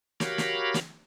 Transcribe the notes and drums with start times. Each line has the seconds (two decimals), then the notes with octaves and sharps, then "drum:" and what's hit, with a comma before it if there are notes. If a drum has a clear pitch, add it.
0.20 F#4 G4 A#4 C#5 F5 B5, drum: snare
0.38 drum: snare
0.74 drum: snare